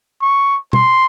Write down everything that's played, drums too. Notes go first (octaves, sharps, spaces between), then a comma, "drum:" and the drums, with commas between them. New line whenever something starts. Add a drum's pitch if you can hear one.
C#6
C6, drum: tom B2